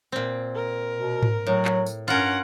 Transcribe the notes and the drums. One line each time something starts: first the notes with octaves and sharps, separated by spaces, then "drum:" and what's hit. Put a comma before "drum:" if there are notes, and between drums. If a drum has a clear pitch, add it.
A#2 C4
A#4
B2
drum: tom G#2
A2 F#3
drum: clap
drum: tambourine
G2 C#4 F4 A#4 F#5